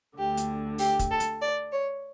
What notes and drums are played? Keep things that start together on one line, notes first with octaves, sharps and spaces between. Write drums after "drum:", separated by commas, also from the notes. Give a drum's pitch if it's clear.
D2 D3 G4
drum: hi-hat
G4, drum: open hi-hat
drum: kick, hi-hat
A4
drum: hi-hat
D5
C#5